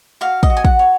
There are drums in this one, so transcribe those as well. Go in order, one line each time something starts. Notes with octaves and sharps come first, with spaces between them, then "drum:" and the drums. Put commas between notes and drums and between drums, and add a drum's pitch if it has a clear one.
F#4 F5
D#5, drum: kick
F#4
G#5
F#5, drum: kick
C#5